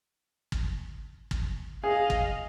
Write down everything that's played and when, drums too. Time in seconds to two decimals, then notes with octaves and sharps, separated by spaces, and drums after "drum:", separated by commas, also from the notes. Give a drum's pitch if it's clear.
0.52 drum: kick
1.31 drum: kick
1.84 G#4 D#5 F5
2.10 drum: kick